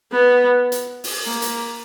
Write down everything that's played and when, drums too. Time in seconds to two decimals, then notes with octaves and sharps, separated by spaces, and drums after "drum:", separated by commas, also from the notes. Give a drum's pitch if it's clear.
0.12 B3
0.72 drum: hi-hat
1.04 drum: open hi-hat
1.25 A#3
1.42 drum: hi-hat